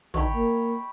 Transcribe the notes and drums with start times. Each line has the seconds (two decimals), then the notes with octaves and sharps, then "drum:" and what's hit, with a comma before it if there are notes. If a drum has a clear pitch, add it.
0.14 D#4 C#5 G5 B5, drum: tom
0.32 A#3